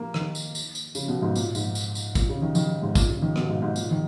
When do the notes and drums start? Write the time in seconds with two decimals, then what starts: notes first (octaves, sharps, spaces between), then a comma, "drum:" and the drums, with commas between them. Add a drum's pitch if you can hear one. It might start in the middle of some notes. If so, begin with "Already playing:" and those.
Already playing: A#3
0.14 D#3, drum: rim click
0.35 drum: tambourine
0.55 drum: tambourine
0.75 drum: tambourine
0.95 C#3, drum: tambourine
1.08 B2
1.22 G#2
1.35 A#2, drum: tambourine
1.55 G#2, drum: tambourine
1.75 drum: tambourine
1.95 drum: tambourine
2.15 A#2, drum: kick, tambourine
2.29 C#3
2.42 D#3
2.55 D#3, drum: tambourine
2.82 G#2
2.95 A#2, drum: kick, tambourine
3.09 C#3
3.22 D#3
3.36 B2, drum: rim click
3.49 G#2
3.62 G#2
3.76 A#2, drum: tambourine
3.91 D#3